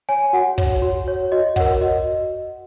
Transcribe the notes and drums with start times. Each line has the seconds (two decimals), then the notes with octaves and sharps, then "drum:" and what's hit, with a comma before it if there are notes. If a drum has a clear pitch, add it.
0.09 C#5 G#5
0.33 F#4 F#5
0.58 C#5, drum: kick
0.82 F#4
1.08 C#5
1.32 F#4 D#5
1.56 A#4 C#5 F#5, drum: kick
1.81 F#4 D#5